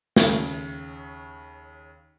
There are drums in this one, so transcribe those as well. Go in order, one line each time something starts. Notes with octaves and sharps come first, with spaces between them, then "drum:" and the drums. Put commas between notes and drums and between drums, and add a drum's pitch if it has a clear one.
D#2 C#3, drum: snare